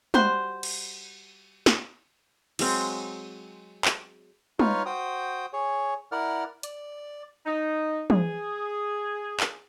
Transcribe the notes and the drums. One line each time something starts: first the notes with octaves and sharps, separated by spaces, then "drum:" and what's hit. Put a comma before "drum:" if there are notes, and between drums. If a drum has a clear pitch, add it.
G3 F#4 C5, drum: tom
drum: cymbal
drum: snare
F#3 G#3 C4, drum: cymbal
drum: clap
D#4 F4 B4 C#5 F6, drum: tom
F#4 C5 G5 D#6
G#4 C#5
E4 A#4 D5 F#5 F6
D5, drum: hi-hat
D#4
G#4, drum: tom
drum: clap